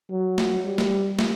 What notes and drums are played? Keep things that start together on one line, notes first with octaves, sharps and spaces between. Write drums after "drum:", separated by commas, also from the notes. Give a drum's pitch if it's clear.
F#3
drum: snare
G3
drum: snare
drum: snare